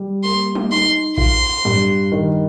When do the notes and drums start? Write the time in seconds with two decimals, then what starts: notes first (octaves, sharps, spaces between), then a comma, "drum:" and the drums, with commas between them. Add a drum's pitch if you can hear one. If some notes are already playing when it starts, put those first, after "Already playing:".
Already playing: G3
0.24 A#3 C6
0.55 drum: tom
0.71 D#4 C6
1.18 F4 C6, drum: kick A#1
1.65 G2
2.12 D#3